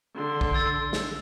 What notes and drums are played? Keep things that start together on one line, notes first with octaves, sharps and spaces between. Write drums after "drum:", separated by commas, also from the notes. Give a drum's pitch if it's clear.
D3 C6
drum: kick A#1
E6 A6
drum: snare